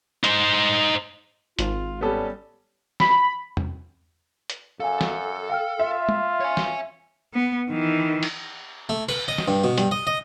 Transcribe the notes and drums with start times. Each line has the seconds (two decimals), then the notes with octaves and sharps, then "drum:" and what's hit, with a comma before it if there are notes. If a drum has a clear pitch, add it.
0.24 D#4 C5, drum: hi-hat
1.59 G#1 F4, drum: hi-hat
2.01 G3 B3 C#4 A4
3.00 B5, drum: snare
3.57 drum: tom E2
4.50 drum: hi-hat
4.80 F#2 A4 F5 G#5
5.01 drum: snare
5.49 F5 G5 F6
5.79 F4 E5
6.09 drum: tom
6.40 C#5 G#5
6.57 drum: snare
7.33 B3
7.70 D#3 E3
8.23 drum: cymbal
8.89 A3
9.09 B4, drum: cymbal
9.28 D#5
9.38 drum: snare
9.48 G2
9.64 B2
9.78 G2, drum: hi-hat
9.91 D#5
10.07 D#5